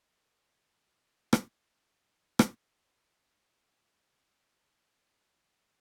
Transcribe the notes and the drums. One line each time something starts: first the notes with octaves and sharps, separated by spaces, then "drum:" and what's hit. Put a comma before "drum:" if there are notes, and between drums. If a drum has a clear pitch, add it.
E3
G2 D3
drum: rim click
D4
drum: rim click
G2 D3 C#4
B3
G3
A#3
B3
A#3
G3
F#3
E3
F#3
G3
D4
C#4
E2 C#3
C#4
C#4